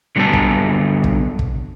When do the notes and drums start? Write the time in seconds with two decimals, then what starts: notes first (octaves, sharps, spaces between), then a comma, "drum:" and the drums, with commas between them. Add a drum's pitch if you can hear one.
0.16 D3 F#3 G3 B3 A5
0.33 drum: kick
1.04 drum: kick
1.39 drum: kick